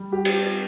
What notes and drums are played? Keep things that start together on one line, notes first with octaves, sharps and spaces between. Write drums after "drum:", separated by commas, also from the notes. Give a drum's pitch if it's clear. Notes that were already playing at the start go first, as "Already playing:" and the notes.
Already playing: G3
G4
drum: cymbal